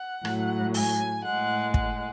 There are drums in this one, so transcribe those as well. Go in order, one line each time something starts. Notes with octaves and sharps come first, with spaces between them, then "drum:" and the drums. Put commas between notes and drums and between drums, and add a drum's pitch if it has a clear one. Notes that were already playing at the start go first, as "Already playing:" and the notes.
Already playing: F#5
A2 F#3, drum: rim click
G#5, drum: open hi-hat
A2 G#3 F#5
F#5, drum: kick